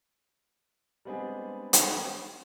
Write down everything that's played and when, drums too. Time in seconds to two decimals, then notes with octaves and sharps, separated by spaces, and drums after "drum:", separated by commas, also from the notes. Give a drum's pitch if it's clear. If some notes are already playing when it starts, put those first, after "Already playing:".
1.05 G3 G#3 B3 C4 D4 G#4
1.73 drum: hi-hat